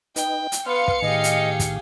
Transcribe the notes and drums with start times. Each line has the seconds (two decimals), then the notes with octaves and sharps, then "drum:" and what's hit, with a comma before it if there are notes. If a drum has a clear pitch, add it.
0.16 D#4 B4 D#5 G5, drum: hi-hat
0.52 drum: hi-hat
0.66 B3 B4 F5 C6 F6 C#7
0.88 drum: kick
1.02 A2 D#3 G4 G#4 D#5
1.24 drum: hi-hat
1.60 drum: kick, hi-hat